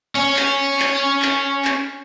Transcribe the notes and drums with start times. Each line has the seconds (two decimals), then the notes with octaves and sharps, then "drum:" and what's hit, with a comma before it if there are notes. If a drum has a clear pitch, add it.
0.15 C#4 C#5
0.37 drum: clap
0.79 drum: clap
1.22 drum: clap
1.65 drum: clap